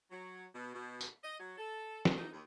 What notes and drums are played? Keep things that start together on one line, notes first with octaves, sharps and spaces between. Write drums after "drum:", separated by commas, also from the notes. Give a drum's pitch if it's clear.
F#3
B2
B2
drum: tambourine
D#5
F#3
A4
drum: snare
D#4
D#2